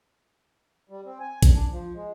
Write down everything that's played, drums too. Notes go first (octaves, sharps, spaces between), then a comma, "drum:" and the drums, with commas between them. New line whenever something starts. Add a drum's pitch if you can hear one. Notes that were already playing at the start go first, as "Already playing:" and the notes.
G3
C4
G#5
drum: kick, hi-hat
D4
F3
G#3